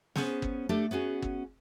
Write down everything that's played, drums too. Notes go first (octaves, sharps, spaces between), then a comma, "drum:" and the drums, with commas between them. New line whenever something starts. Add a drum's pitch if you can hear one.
B3 C#4 G#4 C5 C#5, drum: snare
drum: kick
A3 D4 G4 A4
B3 C#4 F#4 G#4
drum: kick